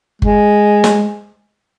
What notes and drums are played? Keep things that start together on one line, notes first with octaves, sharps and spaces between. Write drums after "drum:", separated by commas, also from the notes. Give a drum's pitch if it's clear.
G#3, drum: kick G1
drum: snare